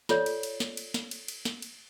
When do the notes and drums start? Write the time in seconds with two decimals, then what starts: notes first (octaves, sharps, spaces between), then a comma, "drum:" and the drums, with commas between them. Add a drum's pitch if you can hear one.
0.09 F4 A4 C#5 D5, drum: snare
0.26 drum: cymbal
0.43 drum: cymbal
0.60 drum: snare
0.77 drum: cymbal
0.94 drum: snare
1.11 drum: cymbal
1.28 drum: cymbal
1.45 drum: snare
1.62 drum: cymbal